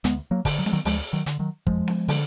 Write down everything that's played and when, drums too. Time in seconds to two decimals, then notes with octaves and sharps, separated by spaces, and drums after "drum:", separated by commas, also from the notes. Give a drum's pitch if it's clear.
0.04 D2 G#3 B3, drum: hi-hat
0.31 F#3 A#3
0.45 D3, drum: kick, open hi-hat
0.58 F#3
0.66 G#3, drum: snare B3
0.73 D#3 F#3
0.85 D2 F3 G#3, drum: open hi-hat
1.13 D#3 F#3
1.26 D3, drum: hi-hat
1.39 D#3 F#3
1.67 F2 F3 G#3, drum: kick
1.88 drum: snare B3
2.08 D3, drum: open hi-hat